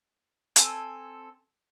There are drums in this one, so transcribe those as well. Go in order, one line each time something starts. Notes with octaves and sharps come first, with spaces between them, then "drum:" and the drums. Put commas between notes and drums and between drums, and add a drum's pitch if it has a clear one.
C4 A4 G#5, drum: hi-hat